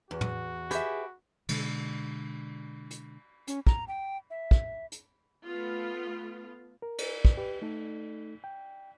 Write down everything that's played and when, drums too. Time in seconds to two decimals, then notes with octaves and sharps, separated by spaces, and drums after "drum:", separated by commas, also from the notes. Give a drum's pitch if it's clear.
0.11 E2 F#4
0.21 drum: tom
0.71 G4 G#4 B4 E5 G#5, drum: hi-hat
1.49 B2 D3 G#3, drum: cymbal
2.91 drum: hi-hat
3.47 C#4, drum: hi-hat
3.67 A#5, drum: kick
3.88 G5
4.30 E5
4.51 drum: kick
4.92 drum: hi-hat
5.44 A3 B3 F4
6.82 A#4
6.98 drum: cymbal
7.25 drum: kick
7.37 G4 B4
7.62 A3 D#4 A4
8.44 G5